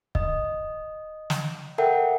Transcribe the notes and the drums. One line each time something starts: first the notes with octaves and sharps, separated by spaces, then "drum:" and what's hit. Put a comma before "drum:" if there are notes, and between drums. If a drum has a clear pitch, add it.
D#5, drum: kick C#1
drum: snare
A4 A#4 E5 F#5 G5